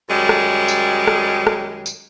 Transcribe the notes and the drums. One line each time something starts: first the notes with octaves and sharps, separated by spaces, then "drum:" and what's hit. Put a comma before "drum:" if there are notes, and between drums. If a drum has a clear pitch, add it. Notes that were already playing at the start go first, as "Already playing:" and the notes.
F#2 D#3 G3 G#3
drum: rim click
drum: tambourine
drum: rim click
drum: rim click
drum: tambourine